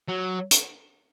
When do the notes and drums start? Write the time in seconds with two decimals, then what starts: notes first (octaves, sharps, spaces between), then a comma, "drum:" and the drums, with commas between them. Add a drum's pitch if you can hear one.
0.09 F#3
0.51 drum: hi-hat